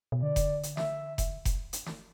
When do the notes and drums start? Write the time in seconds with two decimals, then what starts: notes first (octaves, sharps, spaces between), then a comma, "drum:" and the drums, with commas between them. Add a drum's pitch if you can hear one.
0.12 B2
0.22 D3 D5
0.36 drum: kick F1, hi-hat
0.63 drum: hi-hat
0.77 E5, drum: snare
1.18 drum: kick F1, hi-hat
1.45 drum: kick F1, hi-hat
1.73 drum: hi-hat
1.86 drum: snare